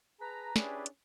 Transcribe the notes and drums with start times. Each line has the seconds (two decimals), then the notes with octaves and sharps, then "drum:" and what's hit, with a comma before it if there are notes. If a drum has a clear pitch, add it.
0.20 G#4 B4 A5 A#5
0.56 C#4 D4 E4 G4 G#4 B4, drum: snare
0.86 drum: hi-hat